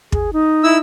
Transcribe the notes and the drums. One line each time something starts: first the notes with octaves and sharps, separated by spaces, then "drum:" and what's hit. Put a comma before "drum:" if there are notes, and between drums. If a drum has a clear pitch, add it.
G#4, drum: kick
D#4
E4 E6